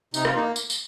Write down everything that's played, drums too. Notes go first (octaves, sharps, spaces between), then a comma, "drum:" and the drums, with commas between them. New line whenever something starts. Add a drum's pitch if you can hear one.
C3 D#4, drum: tambourine
F4, drum: rim click
A#3 D#4
drum: tambourine
drum: tambourine